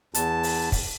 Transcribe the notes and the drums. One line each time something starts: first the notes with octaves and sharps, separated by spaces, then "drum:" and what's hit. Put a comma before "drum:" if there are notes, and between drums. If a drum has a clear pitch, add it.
E2 A5, drum: hi-hat
drum: open hi-hat
drum: kick, open hi-hat